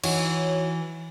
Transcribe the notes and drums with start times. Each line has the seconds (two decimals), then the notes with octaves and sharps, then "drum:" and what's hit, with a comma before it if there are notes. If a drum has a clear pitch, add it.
0.04 E3 D#4 F#4 C#5, drum: cymbal